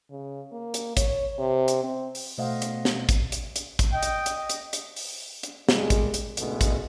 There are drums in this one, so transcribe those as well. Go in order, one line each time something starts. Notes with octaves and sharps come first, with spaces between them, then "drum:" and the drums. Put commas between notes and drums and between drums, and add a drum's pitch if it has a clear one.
C#3
A#3
drum: hi-hat
C#5, drum: kick, hi-hat
C3
drum: hi-hat
C4
drum: open hi-hat
B2 A3 C5 D#5 F5 F#5
drum: hi-hat
drum: snare
drum: kick, hi-hat
drum: hi-hat
drum: hi-hat
drum: kick, hi-hat
D#5 G5
drum: hi-hat
drum: hi-hat
drum: hi-hat
drum: hi-hat
drum: open hi-hat
drum: hi-hat
C2 A#2 G3 G#3, drum: snare
drum: kick, hi-hat
drum: hi-hat
C#2 G#2 B2 D3 G#3 A3, drum: hi-hat
drum: kick, hi-hat